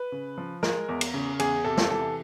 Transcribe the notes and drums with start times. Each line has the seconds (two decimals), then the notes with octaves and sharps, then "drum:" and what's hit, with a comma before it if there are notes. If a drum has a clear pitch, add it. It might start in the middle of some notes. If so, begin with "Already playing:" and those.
Already playing: B4
0.12 C#3
0.38 F3
0.63 G#3 A#4, drum: snare
0.89 E2
1.01 drum: cymbal
1.14 C#3
1.40 E2 G#4, drum: cymbal
1.65 C3 A4
1.77 drum: snare
1.90 E3 A4